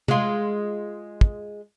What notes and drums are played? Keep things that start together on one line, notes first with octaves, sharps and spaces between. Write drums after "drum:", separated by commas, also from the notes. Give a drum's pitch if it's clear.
G#3 F4, drum: tom C3
drum: kick